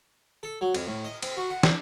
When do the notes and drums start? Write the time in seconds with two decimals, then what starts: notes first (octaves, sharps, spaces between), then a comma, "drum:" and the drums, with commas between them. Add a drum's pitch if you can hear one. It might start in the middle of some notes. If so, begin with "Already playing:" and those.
0.43 A4
0.61 F#3
0.75 F2, drum: cymbal
0.87 A2
1.04 D#5
1.22 C4, drum: cymbal
1.37 F#4
1.50 F#5
1.63 D4, drum: snare